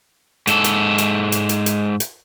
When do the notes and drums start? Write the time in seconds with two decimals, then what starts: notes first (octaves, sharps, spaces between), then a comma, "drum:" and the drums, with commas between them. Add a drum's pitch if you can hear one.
0.47 G#2 A4, drum: hi-hat
0.64 drum: hi-hat
0.98 drum: hi-hat
1.32 drum: hi-hat
1.49 drum: hi-hat
1.66 drum: hi-hat
2.00 drum: hi-hat